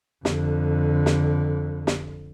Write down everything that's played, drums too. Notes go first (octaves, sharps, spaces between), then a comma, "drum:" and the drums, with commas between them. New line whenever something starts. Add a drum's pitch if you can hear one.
F2 D3, drum: snare
drum: snare
drum: snare